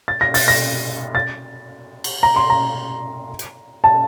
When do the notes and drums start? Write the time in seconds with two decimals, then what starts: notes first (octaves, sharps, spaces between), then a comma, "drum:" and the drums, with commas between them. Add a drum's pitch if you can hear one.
0.08 A6
0.21 A#6
0.34 A6, drum: open hi-hat
0.48 A#6
1.15 A6
2.04 drum: cymbal
2.23 A#5
2.36 C6
2.50 A#5
3.39 drum: hi-hat
3.84 A5